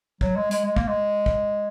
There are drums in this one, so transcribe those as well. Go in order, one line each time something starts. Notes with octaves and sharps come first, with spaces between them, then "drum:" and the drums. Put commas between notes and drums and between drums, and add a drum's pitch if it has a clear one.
F#3, drum: kick
G#3
G#3, drum: hi-hat
G#3
A#3, drum: kick
G#3
drum: kick